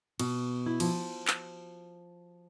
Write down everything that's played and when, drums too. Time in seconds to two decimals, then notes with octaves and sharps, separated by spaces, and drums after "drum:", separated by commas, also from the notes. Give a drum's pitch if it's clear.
0.19 B2, drum: cymbal
0.66 E4
0.80 F3, drum: cymbal
1.27 drum: clap